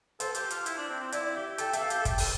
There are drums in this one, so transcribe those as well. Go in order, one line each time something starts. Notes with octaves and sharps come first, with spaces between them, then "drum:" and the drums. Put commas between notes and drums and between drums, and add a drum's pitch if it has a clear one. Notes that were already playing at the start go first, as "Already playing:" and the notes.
A4 C5, drum: hi-hat
G4, drum: hi-hat
F4, drum: hi-hat
E4, drum: hi-hat
D4
C4
C4
E4 D5, drum: hi-hat
G4 E5
A4 G5, drum: hi-hat
A4 E5, drum: hi-hat
F5
G4, drum: hi-hat
A4
G4 G5, drum: kick F#1, hi-hat
A4, drum: open hi-hat